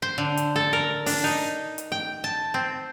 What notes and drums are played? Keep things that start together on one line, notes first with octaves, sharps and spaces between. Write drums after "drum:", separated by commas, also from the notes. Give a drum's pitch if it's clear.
C5
D3
drum: hi-hat
A4
A#4
D4, drum: open hi-hat
D#4
drum: hi-hat
G5
A5
C4